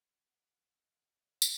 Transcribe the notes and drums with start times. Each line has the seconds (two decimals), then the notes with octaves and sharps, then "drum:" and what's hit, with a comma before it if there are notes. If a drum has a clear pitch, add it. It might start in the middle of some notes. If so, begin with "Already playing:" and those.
Already playing: F#5
0.26 F5
0.65 D#5
1.03 C#5
1.42 drum: tambourine